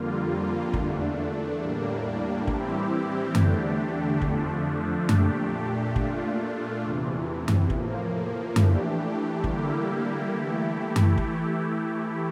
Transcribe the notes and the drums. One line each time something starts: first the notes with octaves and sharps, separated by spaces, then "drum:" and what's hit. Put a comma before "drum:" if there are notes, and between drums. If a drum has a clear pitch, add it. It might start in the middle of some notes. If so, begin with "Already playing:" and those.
Already playing: F2 D3 G3 A#3 F4
E2 D3 A3 D4, drum: kick
A2 G3 A#3 D4
E3 G3 C4 E4 G4, drum: kick
E2 D3 A3 D4 G4, drum: tom F#2
F2 D3 F3 A3 D4, drum: kick
A#2 A3 D4 G4, drum: tom F#2
A#2 A3 D4 F4, drum: kick
E2 C3 E3
drum: tom F#2
A2 F3 A#3, drum: kick
E3 A3 D4 G4, drum: tom F#2
D3 G3 A#3 E4 G4, drum: kick
E3 A3 E4 G4
drum: tom F#2
drum: kick